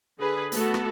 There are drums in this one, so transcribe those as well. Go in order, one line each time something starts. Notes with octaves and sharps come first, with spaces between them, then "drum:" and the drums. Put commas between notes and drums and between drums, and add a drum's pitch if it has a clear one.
D3 G#4 B4
A3 B3 F#4 A4, drum: hi-hat
drum: rim click